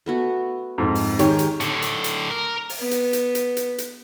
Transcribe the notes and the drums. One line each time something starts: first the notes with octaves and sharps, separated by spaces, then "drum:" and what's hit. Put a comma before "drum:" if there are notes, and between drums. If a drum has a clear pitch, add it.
A3 B3 F#4
F2 G#2
drum: open hi-hat
D#3 G#3 G4 C#5, drum: hi-hat
drum: hi-hat
A2 D3, drum: hi-hat
drum: hi-hat
drum: hi-hat
A#4
drum: open hi-hat
B3
drum: hi-hat
drum: hi-hat
drum: hi-hat
drum: hi-hat
drum: hi-hat